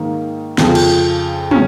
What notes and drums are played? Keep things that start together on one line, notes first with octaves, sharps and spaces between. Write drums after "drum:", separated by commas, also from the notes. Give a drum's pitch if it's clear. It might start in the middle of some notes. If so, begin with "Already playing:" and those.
Already playing: G#2 D#3 A#3
F2 C#3 F3, drum: snare
drum: cymbal
C#3 C#4, drum: tom